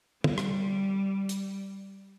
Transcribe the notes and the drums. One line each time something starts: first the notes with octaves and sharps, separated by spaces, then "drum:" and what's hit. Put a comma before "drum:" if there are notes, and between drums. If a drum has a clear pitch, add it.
G3, drum: tom
drum: rim click
drum: hi-hat